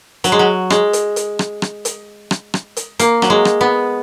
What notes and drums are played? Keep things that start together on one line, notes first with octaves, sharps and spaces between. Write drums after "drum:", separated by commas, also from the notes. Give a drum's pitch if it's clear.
F#3, drum: hi-hat
G#3
F#3
G#3, drum: rim click
drum: hi-hat
drum: hi-hat
drum: rim click
drum: rim click
drum: hi-hat
drum: rim click
drum: rim click
drum: hi-hat
A#3, drum: hi-hat
F#3, drum: rim click
G#3
drum: rim click
B3